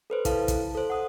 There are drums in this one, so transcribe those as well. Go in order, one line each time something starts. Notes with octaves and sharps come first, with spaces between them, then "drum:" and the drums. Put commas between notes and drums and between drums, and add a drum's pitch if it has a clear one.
A4 B4 C5
E4 A4 F5 A5, drum: kick, hi-hat
drum: kick, hi-hat
A4 C5
F#5 D#6